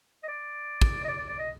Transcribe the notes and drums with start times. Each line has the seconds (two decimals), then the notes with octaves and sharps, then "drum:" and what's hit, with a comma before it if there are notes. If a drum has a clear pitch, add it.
0.23 D#5
0.28 D5
0.81 drum: kick
1.04 D#5
1.08 D5
1.19 D5
1.29 D5
1.39 D#5